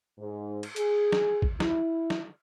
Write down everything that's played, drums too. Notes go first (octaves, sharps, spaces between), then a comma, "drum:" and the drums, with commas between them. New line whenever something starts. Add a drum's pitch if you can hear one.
G#2
drum: cymbal
G#4, drum: hi-hat
drum: snare
drum: kick
E4, drum: snare
drum: snare